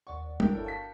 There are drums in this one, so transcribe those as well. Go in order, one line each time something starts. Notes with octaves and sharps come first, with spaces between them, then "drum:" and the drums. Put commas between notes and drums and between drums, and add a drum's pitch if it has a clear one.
D#2 D5 F#5 C#6
D4 A#4 G5, drum: tom
G1 G2 E4 A4 C#5
F#4 F5 A5 C#6 B6
F#6 C#7